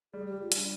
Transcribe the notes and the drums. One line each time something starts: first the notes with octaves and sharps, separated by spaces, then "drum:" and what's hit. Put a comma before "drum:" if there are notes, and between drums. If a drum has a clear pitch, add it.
G3 G#4
G3 G4
F4
G3 D4, drum: hi-hat